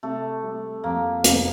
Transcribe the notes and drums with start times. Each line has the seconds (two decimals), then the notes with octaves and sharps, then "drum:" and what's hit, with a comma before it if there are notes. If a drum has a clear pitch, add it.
0.03 C3 A3
0.43 G3
0.84 F2 A#3
1.24 F1, drum: hi-hat